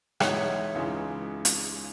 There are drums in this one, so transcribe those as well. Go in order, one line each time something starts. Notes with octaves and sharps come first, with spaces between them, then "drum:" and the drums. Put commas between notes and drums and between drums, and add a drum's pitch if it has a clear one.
E2 B2 G#3 B3 D#4 C#5 E5, drum: rim click
C#2 C#3 E3 G#3 D#4
drum: hi-hat